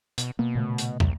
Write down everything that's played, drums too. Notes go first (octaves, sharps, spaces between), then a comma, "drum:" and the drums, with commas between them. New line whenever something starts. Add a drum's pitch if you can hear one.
B2, drum: hi-hat
B2 A#3
A#2 C#3 A3
drum: hi-hat
C2, drum: tom